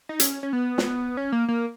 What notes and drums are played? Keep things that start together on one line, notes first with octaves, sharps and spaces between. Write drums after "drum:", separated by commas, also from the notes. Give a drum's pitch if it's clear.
D#4
C#4, drum: hi-hat
C#4
B3
drum: snare
C#4
A#3
A#3